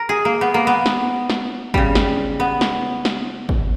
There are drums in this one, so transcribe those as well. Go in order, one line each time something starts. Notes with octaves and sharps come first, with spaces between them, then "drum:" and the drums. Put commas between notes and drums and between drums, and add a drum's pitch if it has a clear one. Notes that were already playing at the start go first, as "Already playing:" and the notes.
Already playing: A#4
G#4
A#3
B3
A#3
B3
drum: snare
drum: snare
C#3 G3, drum: kick
drum: snare
B3
drum: snare
drum: snare
drum: kick